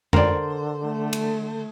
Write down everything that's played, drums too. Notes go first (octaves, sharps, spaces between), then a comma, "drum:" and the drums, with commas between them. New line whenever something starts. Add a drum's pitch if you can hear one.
D3 A#4 C5 D5, drum: tom F2
A3
drum: cymbal